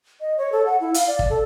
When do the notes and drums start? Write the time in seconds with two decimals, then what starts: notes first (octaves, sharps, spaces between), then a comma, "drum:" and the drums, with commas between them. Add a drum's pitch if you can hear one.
0.21 D#5
0.38 C#5
0.52 A4
0.66 F#5
0.80 E4
0.94 F5, drum: hi-hat
1.07 D5
1.19 drum: kick
1.30 A4